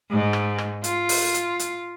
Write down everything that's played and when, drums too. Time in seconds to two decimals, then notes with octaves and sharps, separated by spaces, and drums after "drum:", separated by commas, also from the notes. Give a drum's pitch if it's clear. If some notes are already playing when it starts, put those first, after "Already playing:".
0.11 G#2
0.33 drum: rim click
0.58 drum: rim click
0.84 F4, drum: hi-hat
1.09 drum: open hi-hat
1.34 drum: hi-hat
1.59 drum: hi-hat